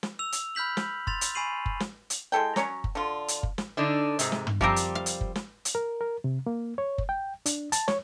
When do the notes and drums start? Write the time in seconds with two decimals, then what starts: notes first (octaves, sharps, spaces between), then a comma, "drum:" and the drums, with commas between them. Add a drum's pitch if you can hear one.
0.03 drum: snare
0.19 E6 F7
0.32 drum: hi-hat
0.55 B5 F6 G6 B6 F#7
0.77 drum: snare
1.07 C6 A6 F7, drum: kick F#1
1.21 drum: hi-hat
1.35 G#5 B5 C#6 C7 D#7 F#7
1.66 drum: kick F#1
1.80 drum: snare
2.10 drum: hi-hat
2.32 G#3 E4 A4 G5
2.56 F#3 C#4 C#5 A#5, drum: snare
2.84 drum: kick F#1
2.95 D3 F4
3.28 drum: hi-hat
3.43 drum: kick F#1
3.58 drum: snare
3.77 D3 D4 D#4
4.19 G#2 C3, drum: hi-hat
4.32 drum: snare
4.47 drum: tom
4.61 F3 G3 C4 G4 A#4, drum: kick F#1
4.76 drum: hi-hat
4.95 F5
5.06 drum: hi-hat
5.21 drum: kick F#1
5.36 drum: snare
5.65 drum: hi-hat
5.75 A#4
6.01 A#4
6.24 C3
6.46 A#3
6.78 C#5
6.98 drum: kick F#1
7.09 G5
7.46 D4, drum: hi-hat
7.72 A5, drum: hi-hat
7.88 C#5, drum: snare